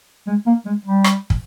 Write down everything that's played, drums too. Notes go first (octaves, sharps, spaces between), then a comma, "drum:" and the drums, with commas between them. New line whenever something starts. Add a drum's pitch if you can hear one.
G#3
A#3
G#3
G3
drum: rim click
drum: kick